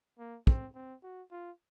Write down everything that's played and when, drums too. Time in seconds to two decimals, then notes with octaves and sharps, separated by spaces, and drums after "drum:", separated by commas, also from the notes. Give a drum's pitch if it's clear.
0.19 A#3
0.47 C4, drum: kick
0.75 C4
1.03 F#4
1.31 F4